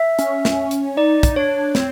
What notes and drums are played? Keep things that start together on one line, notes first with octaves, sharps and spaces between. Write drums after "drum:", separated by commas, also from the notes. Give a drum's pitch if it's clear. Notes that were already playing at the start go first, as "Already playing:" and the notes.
Already playing: E5
C#4, drum: hi-hat
drum: snare
drum: hi-hat
D#4 D5
drum: kick, hi-hat
D4 C#5
C4, drum: snare